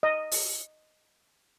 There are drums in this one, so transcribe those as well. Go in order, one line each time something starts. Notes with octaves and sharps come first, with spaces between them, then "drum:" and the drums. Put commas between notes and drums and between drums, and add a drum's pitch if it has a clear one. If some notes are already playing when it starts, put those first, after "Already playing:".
D#5
drum: open hi-hat